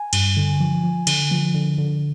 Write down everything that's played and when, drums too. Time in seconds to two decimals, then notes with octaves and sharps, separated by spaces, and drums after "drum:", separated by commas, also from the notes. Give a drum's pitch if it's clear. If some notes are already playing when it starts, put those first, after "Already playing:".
Already playing: G#5
0.13 G2, drum: cymbal
0.37 D3
0.60 F3
0.84 F3
1.07 D3, drum: cymbal
1.31 F3
1.54 D3
1.78 D3